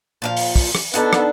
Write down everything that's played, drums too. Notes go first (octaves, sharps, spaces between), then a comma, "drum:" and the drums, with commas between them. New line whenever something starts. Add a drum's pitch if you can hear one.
A#2 F3 F5
drum: open hi-hat
drum: kick, open hi-hat
drum: rim click
B3 D4 D#4 A4 F#5, drum: hi-hat
drum: rim click